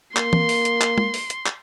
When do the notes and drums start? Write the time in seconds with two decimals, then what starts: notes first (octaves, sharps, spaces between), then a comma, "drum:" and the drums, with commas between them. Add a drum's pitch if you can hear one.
0.17 A#3 C6, drum: clap
0.33 drum: tom E3
0.49 drum: open hi-hat
0.65 drum: hi-hat
0.81 drum: clap
0.98 drum: tom G#3
1.14 drum: open hi-hat
1.30 drum: hi-hat
1.46 drum: clap